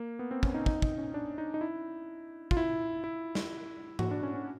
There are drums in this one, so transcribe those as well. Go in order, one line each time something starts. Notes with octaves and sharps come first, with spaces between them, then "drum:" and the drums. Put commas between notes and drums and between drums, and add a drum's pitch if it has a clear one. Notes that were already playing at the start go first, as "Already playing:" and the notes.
Already playing: A#3
B3
C4
C#4, drum: kick
D#4
D#4, drum: kick
D#4, drum: kick
C#4
D4
D#4
D#4
E4
F4, drum: kick
E4
E4
drum: snare
F#4, drum: tom G#2
D4
C#4
C#4